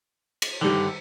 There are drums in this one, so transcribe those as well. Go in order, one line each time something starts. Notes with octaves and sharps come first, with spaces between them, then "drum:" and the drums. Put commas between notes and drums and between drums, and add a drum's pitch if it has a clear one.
drum: cymbal
G2 D3 D#3 G3